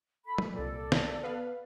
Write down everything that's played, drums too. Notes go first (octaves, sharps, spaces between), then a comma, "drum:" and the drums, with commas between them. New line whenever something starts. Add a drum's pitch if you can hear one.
A4 B5
drum: tom
C2 A#2 A4 D5
drum: snare
B3 B4 F5